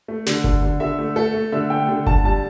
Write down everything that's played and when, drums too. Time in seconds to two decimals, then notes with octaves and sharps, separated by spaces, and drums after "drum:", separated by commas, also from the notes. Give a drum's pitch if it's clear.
0.08 A3
0.26 D3, drum: snare
0.44 D3, drum: kick G1
0.63 D3
0.80 D3 E5
0.99 A3
1.16 A3 A4
1.34 A3
1.52 D3 E5
1.70 A3 G5
1.89 D3
2.07 D3 A5, drum: kick G1
2.24 G3 A5